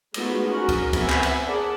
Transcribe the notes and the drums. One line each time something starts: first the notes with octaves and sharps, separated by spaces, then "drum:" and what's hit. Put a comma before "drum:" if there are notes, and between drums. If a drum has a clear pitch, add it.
G#3 A3 B3 D#4 F4 F#4, drum: cymbal
C#4 F#4 A#4
drum: kick C#2, cymbal
B3 C4 E5 F#5 G#5 B5, drum: kick C#2, cymbal
drum: clap
drum: cymbal
G#4 A#4 D5 F#5 A5